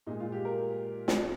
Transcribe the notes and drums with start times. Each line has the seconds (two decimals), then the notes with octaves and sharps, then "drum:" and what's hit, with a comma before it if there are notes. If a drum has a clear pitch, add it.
0.07 A#2 G#3 D#4
0.20 F4
0.32 G4
0.45 A#4
1.08 drum: snare